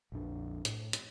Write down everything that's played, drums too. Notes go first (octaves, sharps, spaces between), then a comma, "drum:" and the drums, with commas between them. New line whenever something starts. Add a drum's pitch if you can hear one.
A#1 F2 D4
A2, drum: hi-hat
drum: hi-hat